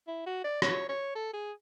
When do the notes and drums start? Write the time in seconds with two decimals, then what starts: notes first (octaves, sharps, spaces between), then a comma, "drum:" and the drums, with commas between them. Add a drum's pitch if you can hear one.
0.08 E4
0.26 F#4
0.44 D5
0.62 C#5, drum: rim click
0.89 C#5
1.15 A4
1.33 G#4